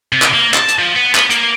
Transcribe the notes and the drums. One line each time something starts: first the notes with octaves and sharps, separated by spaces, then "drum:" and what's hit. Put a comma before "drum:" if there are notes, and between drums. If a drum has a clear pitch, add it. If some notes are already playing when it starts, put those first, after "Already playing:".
C3
drum: clap
A#3
A5, drum: clap
drum: hi-hat
F3
B3
B3, drum: clap
A#3, drum: hi-hat